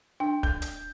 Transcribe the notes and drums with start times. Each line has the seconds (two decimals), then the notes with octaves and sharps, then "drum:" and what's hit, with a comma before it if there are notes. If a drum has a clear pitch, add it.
0.20 D4 G5
0.43 G6, drum: kick
0.62 drum: hi-hat